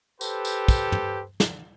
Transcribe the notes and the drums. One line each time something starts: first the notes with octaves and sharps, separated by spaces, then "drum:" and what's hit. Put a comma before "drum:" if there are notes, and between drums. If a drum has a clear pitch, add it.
G4 A4 B4 C5, drum: tambourine
drum: tambourine
drum: kick, tambourine
drum: tom
drum: snare